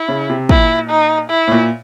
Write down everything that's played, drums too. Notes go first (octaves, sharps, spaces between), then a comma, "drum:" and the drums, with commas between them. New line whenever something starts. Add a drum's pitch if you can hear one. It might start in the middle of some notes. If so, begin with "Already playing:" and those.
Already playing: E4
C#3
C3
A#2 E4, drum: kick
D#4
E4
A2
A#2